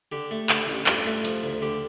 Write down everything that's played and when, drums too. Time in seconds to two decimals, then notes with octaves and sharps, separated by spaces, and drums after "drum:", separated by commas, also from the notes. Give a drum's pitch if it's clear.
0.12 D3 G4
0.31 A3
0.49 D3, drum: clap
0.68 A1
0.86 G2 F4, drum: clap
1.06 A3
1.24 F3, drum: hi-hat
1.43 D2
1.62 D3 G4